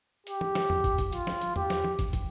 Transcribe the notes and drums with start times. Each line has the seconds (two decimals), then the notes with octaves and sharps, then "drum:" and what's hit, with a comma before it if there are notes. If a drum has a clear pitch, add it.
0.27 G4, drum: hi-hat
0.41 drum: tom
0.55 drum: snare
0.70 drum: tom E2
0.84 drum: kick, hi-hat
0.98 drum: kick, hi-hat
1.12 F4, drum: hi-hat
1.27 drum: snare
1.41 drum: hi-hat
1.56 G4, drum: tom E2
1.70 drum: snare
1.84 drum: tom
1.99 drum: kick, hi-hat
2.13 drum: kick, hi-hat